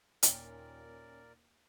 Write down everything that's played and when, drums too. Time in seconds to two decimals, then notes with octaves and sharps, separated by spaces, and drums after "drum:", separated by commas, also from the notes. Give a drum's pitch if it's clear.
0.23 D#2 A#2 C#4 A#4 D5 G5, drum: hi-hat